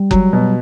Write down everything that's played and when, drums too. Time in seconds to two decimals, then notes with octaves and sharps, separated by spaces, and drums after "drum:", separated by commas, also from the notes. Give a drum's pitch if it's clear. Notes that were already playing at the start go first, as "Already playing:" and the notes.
Already playing: G3
0.11 F#3, drum: kick F#1
0.33 B2